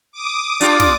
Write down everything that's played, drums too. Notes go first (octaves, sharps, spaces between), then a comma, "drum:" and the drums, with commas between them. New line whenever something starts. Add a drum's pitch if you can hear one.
D6 D#6
D4 F4 G4 D5, drum: hi-hat
drum: snare